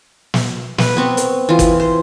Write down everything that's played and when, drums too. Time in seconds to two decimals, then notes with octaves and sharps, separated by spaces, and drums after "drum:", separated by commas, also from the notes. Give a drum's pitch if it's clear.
0.34 drum: snare
0.78 B4, drum: snare
0.97 B3 C4 C#6
1.17 drum: hi-hat
1.49 E3 F4
1.59 drum: kick G1, hi-hat
1.80 C5